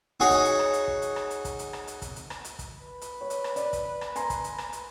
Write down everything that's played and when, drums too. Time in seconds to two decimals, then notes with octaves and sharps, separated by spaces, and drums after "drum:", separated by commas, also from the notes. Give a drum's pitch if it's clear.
0.20 D#4 F#4 G#4 C#5
0.31 drum: kick, hi-hat
0.45 drum: hi-hat
0.59 drum: rim click
0.73 drum: hi-hat
0.88 drum: kick
1.02 drum: hi-hat
1.16 drum: rim click
1.30 drum: hi-hat
1.45 drum: kick, hi-hat
1.59 drum: hi-hat
1.73 drum: rim click
1.87 drum: hi-hat
2.02 drum: kick, hi-hat
2.16 drum: hi-hat
2.30 drum: rim click
2.44 drum: hi-hat
2.59 drum: kick, hi-hat
2.81 B4
3.01 drum: hi-hat
3.21 C#5
3.30 drum: hi-hat
3.44 drum: rim click
3.56 D5, drum: hi-hat
3.73 drum: kick, hi-hat
4.01 drum: rim click
4.16 G#5 A#5 C6, drum: hi-hat
4.30 drum: kick, hi-hat
4.44 drum: hi-hat
4.58 drum: rim click
4.73 drum: hi-hat